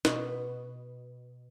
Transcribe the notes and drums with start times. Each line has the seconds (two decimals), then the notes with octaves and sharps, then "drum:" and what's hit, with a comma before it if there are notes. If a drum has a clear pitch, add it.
0.05 B2, drum: snare